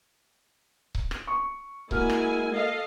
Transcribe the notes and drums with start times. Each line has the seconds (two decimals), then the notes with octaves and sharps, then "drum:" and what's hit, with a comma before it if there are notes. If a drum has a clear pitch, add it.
0.95 drum: kick C#1
1.11 drum: rim click
1.27 C#6
1.91 G#3 A#3 E4 F#4 G#5 F6, drum: kick C#1
2.10 drum: rim click
2.52 A4 D#5 F5